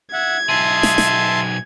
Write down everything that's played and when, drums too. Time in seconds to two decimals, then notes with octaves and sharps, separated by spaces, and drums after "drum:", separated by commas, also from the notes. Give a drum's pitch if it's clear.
0.13 E5 F#5 G#6
0.49 B1 G#4 E5 A5 C6
0.83 drum: snare
0.98 drum: snare